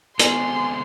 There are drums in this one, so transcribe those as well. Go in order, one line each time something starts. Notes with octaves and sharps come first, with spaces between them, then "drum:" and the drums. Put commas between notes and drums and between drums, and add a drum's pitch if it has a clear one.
G#3 B3 C4 A4 G#5 C6, drum: hi-hat